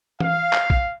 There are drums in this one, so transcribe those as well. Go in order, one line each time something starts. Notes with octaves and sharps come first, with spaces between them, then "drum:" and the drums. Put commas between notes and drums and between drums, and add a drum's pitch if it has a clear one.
F5, drum: tom E3
drum: clap
drum: kick